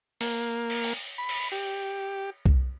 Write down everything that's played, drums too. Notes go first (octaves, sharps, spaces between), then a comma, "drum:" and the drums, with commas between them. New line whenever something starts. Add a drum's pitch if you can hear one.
A#3, drum: open hi-hat
drum: cymbal
drum: open hi-hat
B5
drum: cymbal
G4
drum: kick C2